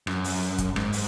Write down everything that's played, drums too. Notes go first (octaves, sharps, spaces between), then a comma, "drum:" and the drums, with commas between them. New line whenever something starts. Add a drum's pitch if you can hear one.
F#2, drum: rim click
drum: open hi-hat
drum: kick, hi-hat
G#2, drum: rim click
drum: open hi-hat